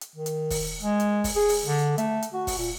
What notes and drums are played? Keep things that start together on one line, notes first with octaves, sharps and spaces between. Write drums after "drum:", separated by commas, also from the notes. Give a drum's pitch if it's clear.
drum: hi-hat
D#3
drum: hi-hat
drum: kick, open hi-hat
G#3
drum: hi-hat
drum: kick, open hi-hat
G#4
drum: open hi-hat
D3
A3, drum: hi-hat
drum: hi-hat
F#4
drum: kick, open hi-hat
A#2